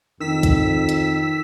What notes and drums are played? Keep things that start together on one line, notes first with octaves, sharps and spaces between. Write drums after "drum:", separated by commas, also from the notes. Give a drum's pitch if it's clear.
F2 D#3 E6 B6
drum: kick, hi-hat
drum: hi-hat